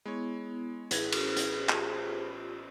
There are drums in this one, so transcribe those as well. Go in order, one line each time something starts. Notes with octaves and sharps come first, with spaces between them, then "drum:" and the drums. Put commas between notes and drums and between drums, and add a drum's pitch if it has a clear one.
G#3 B3 E4 C#5
A1 E4 G#4 B4 G#6, drum: hi-hat
drum: cymbal
drum: hi-hat
F4 G4, drum: clap